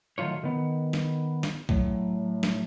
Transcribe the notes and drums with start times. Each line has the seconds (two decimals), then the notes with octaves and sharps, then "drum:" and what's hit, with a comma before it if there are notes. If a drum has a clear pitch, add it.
0.18 D#3 F#3 A3 F4 C#5
0.43 D#3 B3
0.93 drum: snare
1.43 drum: snare
1.69 A2 F#3, drum: kick A#1
2.43 drum: snare